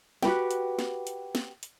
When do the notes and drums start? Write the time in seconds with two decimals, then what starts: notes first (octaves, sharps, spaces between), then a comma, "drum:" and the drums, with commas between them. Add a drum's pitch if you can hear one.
0.23 F#4 G4 B4 G5, drum: snare
0.51 drum: hi-hat
0.79 drum: snare
1.07 drum: hi-hat
1.35 drum: snare
1.63 drum: hi-hat